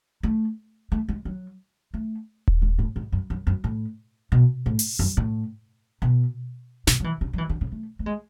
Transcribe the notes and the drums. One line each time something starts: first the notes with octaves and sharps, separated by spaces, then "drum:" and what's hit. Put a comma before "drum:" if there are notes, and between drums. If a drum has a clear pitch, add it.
A3
A3
G#3
F#3
A3
drum: kick D#1
G#3
A2
G#2
F#2
F#2
F#2
A2
B2
A2
drum: open hi-hat
F#2
A2
B2
B2, drum: snare
F#3
E3
C#3
F#3
E3
D3
C#3
A3
A3
G#3